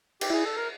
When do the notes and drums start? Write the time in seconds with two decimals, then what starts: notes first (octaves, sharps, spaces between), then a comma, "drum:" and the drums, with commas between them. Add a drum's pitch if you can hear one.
0.21 G4, drum: cymbal
0.30 E4 G#4
0.45 A4
0.57 A#4